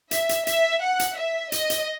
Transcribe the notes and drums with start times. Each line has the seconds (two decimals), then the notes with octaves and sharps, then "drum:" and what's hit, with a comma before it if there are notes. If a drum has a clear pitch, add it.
0.11 E5, drum: hi-hat
0.29 drum: hi-hat
0.47 E5, drum: hi-hat
0.82 F#5
1.00 drum: hi-hat
1.17 E5
1.52 D#5, drum: hi-hat
1.70 drum: hi-hat